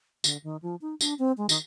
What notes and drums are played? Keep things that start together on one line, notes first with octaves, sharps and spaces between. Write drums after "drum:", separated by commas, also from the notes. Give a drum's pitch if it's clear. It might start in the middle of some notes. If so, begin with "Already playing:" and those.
D3, drum: tambourine
D#3
F3
D#4
D4, drum: tambourine
C4
G#3
D#3, drum: tambourine